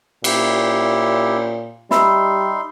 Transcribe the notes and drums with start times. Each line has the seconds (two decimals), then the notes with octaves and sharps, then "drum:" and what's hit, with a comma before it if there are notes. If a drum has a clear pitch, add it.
0.24 A#2 E4 G4, drum: cymbal
1.91 G3 D#4 E5 B5 C6 E6, drum: snare